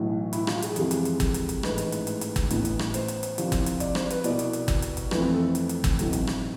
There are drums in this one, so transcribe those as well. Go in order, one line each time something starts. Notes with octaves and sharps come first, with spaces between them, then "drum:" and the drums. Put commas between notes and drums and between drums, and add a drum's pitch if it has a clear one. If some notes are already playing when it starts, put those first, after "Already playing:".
Already playing: B1 A2 E3
E4, drum: hi-hat
F4, drum: rim click
G#4, drum: hi-hat
F2 C3 E3 G#3 A4, drum: hi-hat
drum: hi-hat
drum: hi-hat
drum: kick, hi-hat
drum: hi-hat
drum: hi-hat
A1 G#2 E3 A3 B4, drum: rim click
drum: hi-hat
drum: hi-hat
drum: hi-hat
drum: hi-hat
drum: kick, hi-hat
A1 A2 E3 B3, drum: hi-hat
drum: hi-hat
drum: rim click
C5, drum: hi-hat
drum: hi-hat
drum: hi-hat
C2 C3 F3, drum: hi-hat
drum: kick, hi-hat
drum: hi-hat
D5, drum: hi-hat
C5, drum: rim click
B4, drum: hi-hat
C2 B2 B3 D5, drum: hi-hat
drum: hi-hat
drum: hi-hat
drum: kick, hi-hat
drum: hi-hat
drum: hi-hat
F2 E3 A3 C4 B4, drum: rim click
A4
drum: hi-hat
drum: hi-hat
drum: kick, hi-hat
B1 A2 E3 A3 C4, drum: hi-hat
drum: hi-hat
drum: rim click